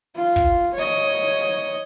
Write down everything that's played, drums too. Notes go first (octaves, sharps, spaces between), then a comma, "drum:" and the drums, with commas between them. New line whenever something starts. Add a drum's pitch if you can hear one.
F4
drum: kick, open hi-hat
C#5 D#5, drum: hi-hat
drum: hi-hat
drum: hi-hat